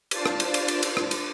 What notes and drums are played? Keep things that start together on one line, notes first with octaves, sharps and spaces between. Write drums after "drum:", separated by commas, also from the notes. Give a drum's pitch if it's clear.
D4 F4 C5 D5 F5 A5, drum: cymbal
drum: rim click
drum: cymbal
drum: cymbal
drum: cymbal
drum: cymbal
drum: rim click
drum: cymbal